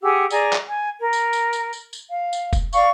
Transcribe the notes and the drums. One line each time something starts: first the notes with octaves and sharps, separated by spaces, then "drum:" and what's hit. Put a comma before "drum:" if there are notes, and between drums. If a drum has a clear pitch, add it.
G4 G#4 F#5 E6
G#4 D5 A#5, drum: tambourine
drum: clap
G#5
A#4
drum: tambourine
drum: tambourine
drum: tambourine
drum: tambourine
drum: tambourine
F5
drum: tambourine
drum: kick F1, tambourine
D5 F5 C#6, drum: tambourine